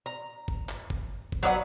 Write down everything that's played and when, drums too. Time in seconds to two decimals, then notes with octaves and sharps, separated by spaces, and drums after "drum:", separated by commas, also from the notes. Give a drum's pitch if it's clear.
0.06 A#5
0.48 drum: kick F#1
0.69 drum: clap
0.90 drum: kick F#1
1.32 drum: kick F#1
1.43 F#3 B4 D5 F#5